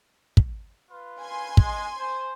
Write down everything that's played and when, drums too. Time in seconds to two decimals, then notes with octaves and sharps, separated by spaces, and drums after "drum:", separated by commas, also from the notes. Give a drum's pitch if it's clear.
0.37 drum: kick
0.91 F4 B4
1.20 G#5 C6
1.57 G#3, drum: kick
1.97 C5